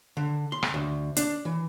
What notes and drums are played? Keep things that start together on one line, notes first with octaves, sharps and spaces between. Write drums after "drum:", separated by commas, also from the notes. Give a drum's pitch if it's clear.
D3
C6
drum: rim click
D2
D4, drum: hi-hat
E3